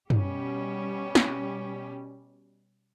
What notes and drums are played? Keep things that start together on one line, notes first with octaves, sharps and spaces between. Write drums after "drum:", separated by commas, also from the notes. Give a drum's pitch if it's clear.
B2 G3 C#4 G4, drum: tom
drum: snare